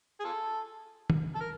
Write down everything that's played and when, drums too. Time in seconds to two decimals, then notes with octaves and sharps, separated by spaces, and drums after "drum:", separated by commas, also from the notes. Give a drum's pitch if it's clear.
0.20 G#4
0.24 F4 A4
1.10 drum: tom
1.35 A4
1.40 A#4